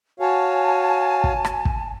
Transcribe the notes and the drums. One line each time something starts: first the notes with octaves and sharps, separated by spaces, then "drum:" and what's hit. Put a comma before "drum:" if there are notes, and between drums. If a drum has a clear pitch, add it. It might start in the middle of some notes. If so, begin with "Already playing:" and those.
F#4 C#5 F5 G#5 A5
drum: kick
drum: rim click
drum: kick